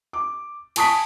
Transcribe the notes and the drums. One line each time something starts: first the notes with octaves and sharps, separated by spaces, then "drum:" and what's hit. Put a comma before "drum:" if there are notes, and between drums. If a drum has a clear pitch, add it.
D6
G#5 A5 C#6 D#6 B6 D7, drum: cymbal